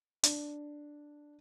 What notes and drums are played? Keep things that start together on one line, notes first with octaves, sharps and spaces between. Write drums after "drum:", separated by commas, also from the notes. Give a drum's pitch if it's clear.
D4, drum: hi-hat